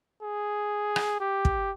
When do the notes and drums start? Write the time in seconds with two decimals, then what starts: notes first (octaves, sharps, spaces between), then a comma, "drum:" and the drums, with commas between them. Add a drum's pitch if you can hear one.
0.22 G#4
0.96 drum: rim click
1.20 G4
1.45 drum: kick